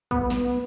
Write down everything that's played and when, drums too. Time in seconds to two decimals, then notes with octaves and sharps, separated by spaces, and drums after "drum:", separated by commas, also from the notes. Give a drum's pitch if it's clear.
0.11 B3, drum: kick
0.30 drum: snare